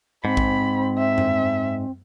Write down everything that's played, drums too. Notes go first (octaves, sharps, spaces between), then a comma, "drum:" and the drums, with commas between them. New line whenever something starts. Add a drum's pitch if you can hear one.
G#2 C4 B5
drum: kick A#1
E5
drum: tom F#2